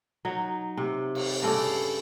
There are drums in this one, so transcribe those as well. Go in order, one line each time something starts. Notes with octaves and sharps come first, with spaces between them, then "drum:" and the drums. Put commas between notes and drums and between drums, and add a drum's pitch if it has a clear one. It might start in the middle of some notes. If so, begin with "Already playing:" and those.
F#3 D#4
C3
drum: cymbal
G2 C#3 A4 D5